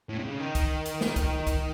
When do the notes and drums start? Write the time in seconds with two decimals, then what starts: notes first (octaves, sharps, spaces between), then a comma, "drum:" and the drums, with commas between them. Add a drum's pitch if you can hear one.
0.09 A2
0.19 C3
0.24 C#3
0.40 D#3
0.55 drum: kick, hi-hat
0.86 drum: hi-hat
1.01 drum: snare
1.16 drum: kick, hi-hat
1.47 drum: kick, hi-hat